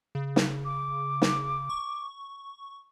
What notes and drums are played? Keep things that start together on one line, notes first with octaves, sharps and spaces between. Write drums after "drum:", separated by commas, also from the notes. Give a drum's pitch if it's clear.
C#3
drum: snare
D6
drum: snare
C#6